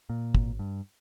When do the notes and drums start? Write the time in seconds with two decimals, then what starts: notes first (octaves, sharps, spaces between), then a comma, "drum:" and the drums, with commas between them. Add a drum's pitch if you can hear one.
0.10 A#2
0.35 G#1, drum: kick
0.59 G2